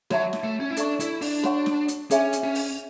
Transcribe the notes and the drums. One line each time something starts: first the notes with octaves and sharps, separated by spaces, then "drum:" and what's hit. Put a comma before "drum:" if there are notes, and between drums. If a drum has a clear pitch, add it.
F#3 F#4 C#5 E5 A5 C#6, drum: snare
drum: snare
A3
C#4
E4
D4 A4 E5 A5 C#6, drum: hi-hat
E4, drum: hi-hat
D4, drum: open hi-hat
F#4 C#5 F#5 C#6, drum: snare
drum: snare
drum: hi-hat
C#4 D4 G#4 C#5 E5 G#5, drum: hi-hat
drum: hi-hat
C#4
drum: open hi-hat